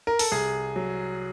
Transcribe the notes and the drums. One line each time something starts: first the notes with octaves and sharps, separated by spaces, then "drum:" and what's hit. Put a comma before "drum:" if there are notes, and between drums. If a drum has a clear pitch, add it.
A#4
A4, drum: open hi-hat
C2 G#4
F#3